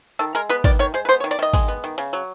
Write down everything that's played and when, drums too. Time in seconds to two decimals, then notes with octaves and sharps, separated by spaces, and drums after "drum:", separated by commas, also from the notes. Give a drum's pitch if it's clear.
0.19 D#3 A4
0.35 G#3 A#4
0.49 B3 B4
0.64 D#3 D5, drum: kick, open hi-hat
0.79 D#3 C#5
0.94 G#3 C5
1.05 B4
1.09 B3 C5
1.20 C#5
1.24 D#3
1.31 D5, drum: hi-hat
1.39 D#3 D#5
1.54 G#3, drum: kick, open hi-hat
1.68 B3
1.84 D#3
1.98 C#3, drum: hi-hat
2.13 F#3